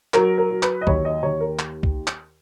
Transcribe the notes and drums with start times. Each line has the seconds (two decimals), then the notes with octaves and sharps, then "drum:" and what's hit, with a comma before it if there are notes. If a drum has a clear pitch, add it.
0.14 F#3 A#4, drum: clap
0.38 A#4
0.50 F#3
0.63 B4, drum: clap
0.81 D#5
0.87 D#2 C#5, drum: kick
1.05 D#5
1.23 D#2 C#5
1.41 A#4
1.59 drum: clap
1.83 drum: kick
2.07 drum: clap